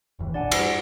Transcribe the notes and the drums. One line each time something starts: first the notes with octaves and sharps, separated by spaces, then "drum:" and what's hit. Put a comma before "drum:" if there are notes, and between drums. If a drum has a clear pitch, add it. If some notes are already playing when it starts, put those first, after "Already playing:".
F1 D#2 E3
A#1 D4 D5 F#5 G#5
G2, drum: cymbal